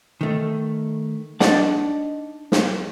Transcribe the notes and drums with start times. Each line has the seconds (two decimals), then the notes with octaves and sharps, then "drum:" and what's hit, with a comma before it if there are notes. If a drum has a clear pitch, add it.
0.21 D#3 A3
1.40 D4 D#4 D5 F#5 A5, drum: snare
2.52 drum: snare